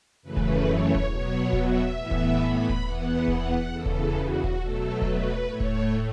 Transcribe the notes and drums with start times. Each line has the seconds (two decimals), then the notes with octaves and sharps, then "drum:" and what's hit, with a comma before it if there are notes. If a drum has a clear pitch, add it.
0.22 F#2 C#3 E3 A3 B4
0.37 drum: kick D#1
0.65 C#5
0.95 drum: kick D#1
1.09 B2 F#3 B3 C#5
1.53 E5, drum: kick D#1
1.96 A2 E3 B3
2.11 drum: kick D#1
2.40 B5
2.69 drum: kick D#1
2.84 E2 E3 B3 F#5
3.28 F#5, drum: kick D#1
3.71 E2 C#3 E3 A4
3.86 drum: kick D#1
4.15 F#4
4.44 drum: kick D#1
4.59 B2 F#3 A3 A4
5.02 B4, drum: kick D#1
5.46 A2 A3 C#5
5.60 drum: kick D#1